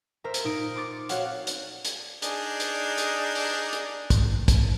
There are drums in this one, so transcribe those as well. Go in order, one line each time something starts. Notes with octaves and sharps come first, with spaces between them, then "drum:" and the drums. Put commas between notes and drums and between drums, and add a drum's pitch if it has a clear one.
A#4 C5 E5 A#5
drum: hi-hat
A#2 D#4 D7
C6 D6 A6 C#7
C4 F#4 C#5 F5 F#5, drum: hi-hat
drum: hi-hat
drum: hi-hat
D4 D#4 G#4, drum: hi-hat
drum: hi-hat
drum: hi-hat
drum: open hi-hat
drum: hi-hat
drum: kick, hi-hat
drum: kick, hi-hat